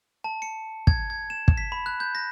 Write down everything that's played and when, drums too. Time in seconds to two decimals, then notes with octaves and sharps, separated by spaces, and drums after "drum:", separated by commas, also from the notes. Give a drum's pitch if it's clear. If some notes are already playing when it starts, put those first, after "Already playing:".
0.24 A5
0.42 C#7
0.87 G#6, drum: kick
1.10 G#6
1.30 E7
1.48 drum: kick
1.58 B6
1.72 B5
1.86 F#6
2.00 G6
2.15 A#6